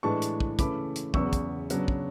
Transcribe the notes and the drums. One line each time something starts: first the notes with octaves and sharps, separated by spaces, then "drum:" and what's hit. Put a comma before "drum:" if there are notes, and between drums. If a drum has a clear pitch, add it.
A2 E3 G#3 D4 A5 C#6
drum: hi-hat
drum: kick
C#3 E3 A3 C#4 B5 D6, drum: kick, hi-hat
drum: hi-hat
E2 C#3 F#3 B3 C#6 E6, drum: kick
drum: kick, hi-hat
C#3 F#3 B3 D4, drum: hi-hat
drum: kick